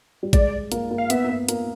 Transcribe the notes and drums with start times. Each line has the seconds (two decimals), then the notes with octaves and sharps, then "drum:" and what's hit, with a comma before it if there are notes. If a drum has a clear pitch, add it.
0.23 G3
0.33 G#3 D5, drum: kick G#1, hi-hat
0.72 A#3, drum: hi-hat
0.91 A#3
0.98 F5
1.10 B3 E5, drum: hi-hat
1.24 A#3
1.29 B3
1.49 A#3, drum: hi-hat